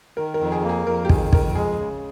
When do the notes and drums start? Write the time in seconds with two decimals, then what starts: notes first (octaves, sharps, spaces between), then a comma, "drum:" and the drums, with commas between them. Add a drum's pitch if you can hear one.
0.17 D#3 A#4
0.34 A#4
0.41 F2
0.52 G#4
0.64 A#3
0.69 G#4
0.87 F2 A#4
1.05 G4
1.09 D#3 G#4, drum: kick
1.33 F2 A#4, drum: kick
1.55 G#3 G#4
1.79 C#3